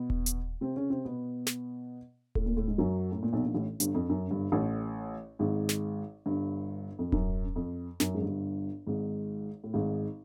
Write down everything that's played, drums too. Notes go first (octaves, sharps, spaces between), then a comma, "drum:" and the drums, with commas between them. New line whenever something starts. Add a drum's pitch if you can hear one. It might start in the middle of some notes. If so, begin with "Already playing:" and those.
Already playing: B2 B3
drum: kick D#1
drum: hi-hat
C3 C4
C#3 C#4
C3 C4
B2 B3
drum: snare
A2 A3, drum: kick D#1
A#2 A#3
A2 A3
G#2 G#3
F#2 F#3
A2
A#2
B1 B2
A#1 A#2
A1 A2
G1 G2, drum: hi-hat
F2
F#2
G1 G2
A1 A2
G#1 G#2
drum: snare
G1 G2
F2
F#2, drum: kick D#1
F2
F#2, drum: snare
G#2
G1 G2
G#1 G#2
A2
G#1 G#2